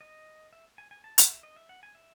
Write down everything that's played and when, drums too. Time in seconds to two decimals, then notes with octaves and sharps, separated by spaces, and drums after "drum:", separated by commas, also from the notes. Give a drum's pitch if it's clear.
0.01 D#5
0.53 E5
0.78 G#5
0.91 G#5
1.04 A5
1.18 F#5, drum: hi-hat
1.30 E5
1.43 D#5
1.56 E5
1.69 F#5
1.83 G#5
1.95 E5